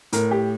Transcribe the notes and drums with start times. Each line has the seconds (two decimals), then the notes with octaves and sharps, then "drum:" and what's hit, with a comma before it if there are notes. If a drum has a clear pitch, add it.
0.13 A2 A#4, drum: hi-hat
0.31 G4